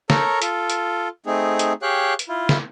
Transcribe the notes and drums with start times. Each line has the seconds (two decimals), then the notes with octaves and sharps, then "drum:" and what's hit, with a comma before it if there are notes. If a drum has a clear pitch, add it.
0.10 A4 A#4 C#5 A#5, drum: snare
0.42 F4 A4, drum: hi-hat
0.70 drum: hi-hat
1.26 A3 C4 D#4 G#4
1.59 drum: hi-hat
1.82 G4 G#4 C#5 F5 G5 F#6
2.19 drum: hi-hat
2.29 E4 F4
2.49 drum: snare